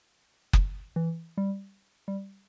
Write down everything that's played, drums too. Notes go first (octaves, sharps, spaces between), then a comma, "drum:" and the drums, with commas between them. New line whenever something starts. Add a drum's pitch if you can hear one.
drum: kick F#1
E3
G3
G3